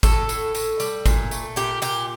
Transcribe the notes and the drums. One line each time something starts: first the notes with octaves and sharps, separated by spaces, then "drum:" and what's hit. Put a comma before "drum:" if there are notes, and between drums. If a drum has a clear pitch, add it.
A2 A4, drum: kick, tambourine
A2, drum: tambourine
A2, drum: tambourine
G3, drum: tambourine
A#2, drum: kick, tambourine
A3, drum: tambourine
A#2 G4, drum: tambourine
A#2 G4, drum: tambourine